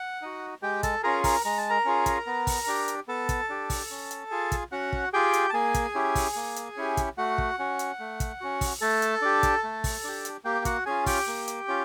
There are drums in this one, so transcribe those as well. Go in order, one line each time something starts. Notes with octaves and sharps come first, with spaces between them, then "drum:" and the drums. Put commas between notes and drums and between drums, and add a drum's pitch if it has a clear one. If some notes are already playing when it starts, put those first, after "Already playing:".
Already playing: F#5
D#4 F#4
G#3 G4 G5
A4 A5, drum: kick, hi-hat
C#4 F4 G#4 A#4 A#5
A#4 A#5, drum: kick, open hi-hat
G#3 A#5
A5
A#4 A#5
C#4 F4 G#4
drum: kick, hi-hat
B3
drum: kick, open hi-hat
D4 G4
drum: hi-hat
B3 A4 A5
drum: kick, hi-hat
D4 G4
drum: kick, open hi-hat
C#4
drum: hi-hat
F4 G#4
drum: kick, hi-hat
C#4 F#4 F#5
drum: kick
F4 G4 G#4 G5
drum: hi-hat
A5
A#3 G#4 G#5
drum: kick, hi-hat
C#4 E4 G4
drum: kick, open hi-hat
A#3
drum: hi-hat
C#4 E4 G4
drum: kick, hi-hat
A3 F#4 F#5
drum: kick
C#4 F#4
drum: hi-hat
A3
drum: kick, hi-hat
C#4 F#4
drum: kick, open hi-hat
A3 A4 A5
drum: hi-hat
D4 G4
drum: kick, hi-hat
A3
drum: kick, open hi-hat
D4 G4
drum: hi-hat
A#3 G4 G5
F#4 F#5, drum: kick, hi-hat
C#4 F4 G#4 G#5
G4 G5, drum: kick, open hi-hat
A#3
drum: hi-hat
C#4 F4